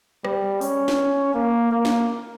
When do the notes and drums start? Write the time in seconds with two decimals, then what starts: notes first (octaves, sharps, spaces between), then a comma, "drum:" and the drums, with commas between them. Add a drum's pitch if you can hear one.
0.25 G3, drum: rim click
0.61 C#4, drum: open hi-hat
0.88 drum: snare
1.35 A#3
1.71 A#3
1.85 drum: snare